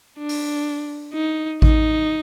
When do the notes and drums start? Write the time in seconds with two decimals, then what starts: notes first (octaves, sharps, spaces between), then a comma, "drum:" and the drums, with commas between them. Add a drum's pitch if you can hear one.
0.19 D4
0.29 drum: open hi-hat
1.14 D#4
1.62 D#4, drum: kick A1